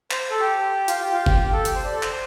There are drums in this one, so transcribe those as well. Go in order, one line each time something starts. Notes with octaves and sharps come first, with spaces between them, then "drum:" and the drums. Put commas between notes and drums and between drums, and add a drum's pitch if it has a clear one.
C5, drum: clap
A4
G4
F4, drum: hi-hat
G4
F4
G4, drum: kick
G4
A4
G4, drum: hi-hat
C5
D5
A4
C5, drum: clap